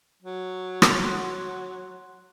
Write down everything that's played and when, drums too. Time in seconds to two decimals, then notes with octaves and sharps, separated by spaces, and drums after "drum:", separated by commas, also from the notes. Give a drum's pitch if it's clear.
0.23 F#3
0.82 drum: rim click
1.03 F#5 C6 F#6